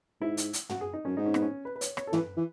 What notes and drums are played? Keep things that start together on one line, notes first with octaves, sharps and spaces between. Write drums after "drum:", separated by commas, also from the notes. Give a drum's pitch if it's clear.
G#2 E4
drum: hi-hat
drum: hi-hat
F#4, drum: tom
G#4
D#4
F#2 C#4
G#2 D#4
C#4
B3, drum: rim click
C#4
B4
B4
C#5, drum: hi-hat
C#5, drum: rim click
A4
E3 B4, drum: tom
E3